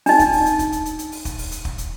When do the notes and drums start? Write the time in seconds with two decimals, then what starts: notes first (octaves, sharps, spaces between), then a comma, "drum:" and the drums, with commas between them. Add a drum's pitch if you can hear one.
0.06 D4 D#4, drum: open hi-hat
0.19 drum: kick, hi-hat
0.33 drum: open hi-hat
0.46 drum: hi-hat
0.59 drum: kick, hi-hat
0.72 drum: hi-hat
0.86 drum: hi-hat
0.99 drum: hi-hat
1.12 drum: open hi-hat
1.25 drum: kick, hi-hat
1.38 drum: open hi-hat
1.52 drum: hi-hat
1.65 drum: kick
1.78 drum: hi-hat